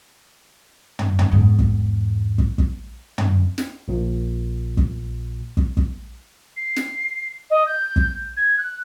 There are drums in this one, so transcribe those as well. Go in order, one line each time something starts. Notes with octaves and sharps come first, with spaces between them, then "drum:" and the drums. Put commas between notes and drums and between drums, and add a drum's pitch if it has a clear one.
drum: tom
drum: tom
E2 G#2
drum: kick
drum: kick
drum: kick
drum: tom
drum: snare
A#1 A#2
drum: kick
drum: kick
drum: kick
C7
drum: snare
D#5
G6
drum: kick
G#6
F#6